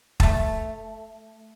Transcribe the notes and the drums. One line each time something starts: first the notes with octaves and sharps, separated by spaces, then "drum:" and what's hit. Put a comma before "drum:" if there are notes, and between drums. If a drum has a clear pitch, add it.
A3 A5, drum: kick